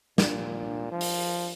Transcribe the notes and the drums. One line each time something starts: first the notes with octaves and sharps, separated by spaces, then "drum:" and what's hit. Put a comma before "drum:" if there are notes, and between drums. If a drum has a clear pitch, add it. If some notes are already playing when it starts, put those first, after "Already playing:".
A#2, drum: snare
F3
drum: open hi-hat